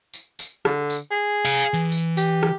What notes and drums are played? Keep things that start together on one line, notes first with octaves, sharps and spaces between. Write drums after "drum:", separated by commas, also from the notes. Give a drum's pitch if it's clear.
drum: tambourine
drum: tambourine
D3, drum: rim click
drum: tambourine
G#4
F5 G#5
E3
drum: tambourine
G4, drum: tambourine
drum: rim click